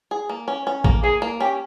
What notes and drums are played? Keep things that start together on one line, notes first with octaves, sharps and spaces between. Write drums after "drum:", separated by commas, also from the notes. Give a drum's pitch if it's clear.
G#4
A#3
C#4
C#4
A#3, drum: kick A1
A#3 G#4
A#3
C#4 G4